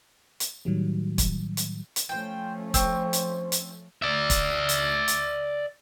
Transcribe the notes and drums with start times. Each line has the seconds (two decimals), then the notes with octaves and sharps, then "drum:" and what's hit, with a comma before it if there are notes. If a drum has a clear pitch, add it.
0.40 drum: hi-hat
0.65 A2 D#3 F#3 G3
1.18 drum: kick, hi-hat
1.57 drum: hi-hat
1.96 drum: hi-hat
2.09 F3 A3 C#4 C5 G5
2.74 C4 C5 C#6, drum: kick, hi-hat
3.13 drum: hi-hat
3.52 drum: hi-hat
4.02 D5 E5
4.30 drum: kick, hi-hat
4.69 drum: hi-hat
5.08 drum: hi-hat